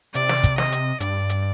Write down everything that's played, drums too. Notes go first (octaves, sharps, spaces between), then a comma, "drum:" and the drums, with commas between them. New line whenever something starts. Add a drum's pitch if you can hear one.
C3 D5, drum: hi-hat
drum: snare
drum: kick, hi-hat
D#5, drum: snare
drum: hi-hat
G2 D5, drum: hi-hat
drum: hi-hat